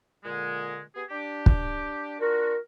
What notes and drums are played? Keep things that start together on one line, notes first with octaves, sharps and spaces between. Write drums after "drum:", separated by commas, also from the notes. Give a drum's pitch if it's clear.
A#2 D3 G#3
B3 G4 G#4
D4 G4
drum: kick
D4 F4 F#4 A#4